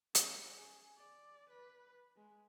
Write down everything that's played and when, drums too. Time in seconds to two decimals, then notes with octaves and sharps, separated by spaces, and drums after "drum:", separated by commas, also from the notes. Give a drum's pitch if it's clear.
0.15 C#4, drum: hi-hat
0.56 G#4
0.96 D5
1.50 B4
2.17 G#3